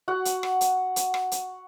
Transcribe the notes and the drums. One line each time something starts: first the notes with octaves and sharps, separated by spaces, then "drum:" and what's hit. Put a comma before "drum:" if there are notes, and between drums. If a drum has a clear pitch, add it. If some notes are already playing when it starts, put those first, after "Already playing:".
F#4 F#5
drum: hi-hat
drum: rim click
drum: hi-hat
drum: hi-hat
drum: rim click
drum: hi-hat